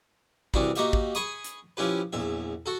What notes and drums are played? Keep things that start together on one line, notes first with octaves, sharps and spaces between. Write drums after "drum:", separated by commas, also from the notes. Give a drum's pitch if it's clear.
C2 E3 D4 F#4 B5, drum: kick
A#3 D#4 F#4 G4 E5, drum: hi-hat
drum: kick
G#4 G#5 B5 C#6 D#6, drum: hi-hat
drum: hi-hat
F3 C#4 E4 G4 B4
A#1 E2 E5
F#4 A4